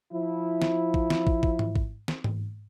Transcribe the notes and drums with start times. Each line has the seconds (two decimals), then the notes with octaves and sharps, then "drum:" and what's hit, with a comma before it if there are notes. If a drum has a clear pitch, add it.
0.13 F3 E4
0.62 drum: snare
0.94 drum: kick
1.10 drum: snare
1.27 drum: kick
1.43 drum: kick
1.59 drum: tom G#2
1.76 drum: kick
2.08 drum: snare
2.24 drum: tom G#2